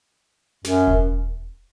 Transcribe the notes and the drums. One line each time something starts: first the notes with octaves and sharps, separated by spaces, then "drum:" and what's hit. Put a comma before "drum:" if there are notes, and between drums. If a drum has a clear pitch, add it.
F#2, drum: snare
drum: kick E1